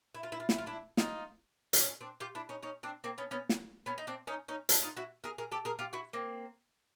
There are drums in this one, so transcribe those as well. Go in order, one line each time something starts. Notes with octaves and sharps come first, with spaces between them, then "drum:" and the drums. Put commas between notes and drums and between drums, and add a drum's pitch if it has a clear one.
E4
F4
E4
F4
E4, drum: snare
F4
D4 E4
D#4 F4, drum: snare
D4, drum: hi-hat
C#4 D#4
C4 D4
F4 G4
D4 E4
C#4 D#4
C#4 D#4
C4 D4
A#3 C4
B3 C#4
B3 C#4
drum: snare
B3 C#4
D#4
C4 D4
C#4 D#4
C#4 D#4
D4 E4, drum: hi-hat
D#4 F4
E4 F#4
G#4 A#4
G#4 A#4
G4 A4
G#4 A#4
F4 G4
E4 F#4
A#3 C4